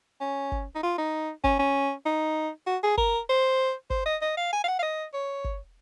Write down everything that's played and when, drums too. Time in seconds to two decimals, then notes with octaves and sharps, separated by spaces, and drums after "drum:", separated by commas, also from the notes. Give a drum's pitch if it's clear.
0.21 C#4
0.52 drum: kick G1
0.75 D#4
0.83 F4
0.98 D#4
1.44 C#4, drum: kick G1
1.59 C#4
2.06 D#4
2.67 F#4
2.83 G#4
2.97 A#4, drum: kick G1
3.29 C5
3.90 C5, drum: kick G1
4.06 D#5
4.22 D#5
4.37 F5
4.52 G#5
4.64 F5
4.68 F#5
4.79 F5
4.83 D#5
5.14 C#5
5.44 drum: kick G1